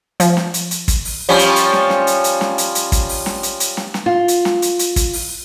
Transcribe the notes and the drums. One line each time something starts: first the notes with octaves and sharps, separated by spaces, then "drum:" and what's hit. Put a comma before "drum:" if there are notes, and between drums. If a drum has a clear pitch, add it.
F3, drum: hi-hat
drum: snare
drum: hi-hat
drum: hi-hat
drum: kick, hi-hat
drum: open hi-hat
F3 G3 C#4
drum: hi-hat
drum: hi-hat
drum: snare
drum: snare
drum: hi-hat
drum: hi-hat
drum: snare
drum: hi-hat
drum: hi-hat
drum: kick, hi-hat
drum: open hi-hat
drum: snare
drum: hi-hat
drum: hi-hat
drum: snare
drum: snare
F4
drum: hi-hat
drum: snare
drum: hi-hat
drum: hi-hat
drum: kick, hi-hat
drum: open hi-hat